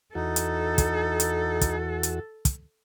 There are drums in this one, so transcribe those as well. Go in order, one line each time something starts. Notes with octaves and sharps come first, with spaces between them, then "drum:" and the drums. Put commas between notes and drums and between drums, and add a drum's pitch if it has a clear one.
E2 D#4 F#4 A4
drum: hi-hat
drum: kick, hi-hat
drum: hi-hat
drum: kick, hi-hat
drum: hi-hat
drum: kick, hi-hat